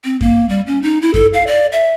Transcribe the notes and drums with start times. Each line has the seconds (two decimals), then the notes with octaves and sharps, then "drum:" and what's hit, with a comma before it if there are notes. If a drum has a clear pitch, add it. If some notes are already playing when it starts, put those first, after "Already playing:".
0.05 C4
0.21 A#3, drum: kick F#2
0.49 G3
0.67 C#4
0.83 D#4
1.02 E4
1.14 A4, drum: kick F#2
1.33 F5
1.47 D5
1.72 E5